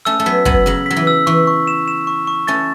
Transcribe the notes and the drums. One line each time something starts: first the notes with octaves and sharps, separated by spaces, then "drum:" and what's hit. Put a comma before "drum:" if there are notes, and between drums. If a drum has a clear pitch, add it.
A3 C#4 E6
A3
F#3 B3 B6
F#3 B3 F#7, drum: kick
C#3 F#3 F#7
F#3 B6
E3
E6
E3 C#6
C#6
E7
E7
C#6
C#6
A3 C#4 A6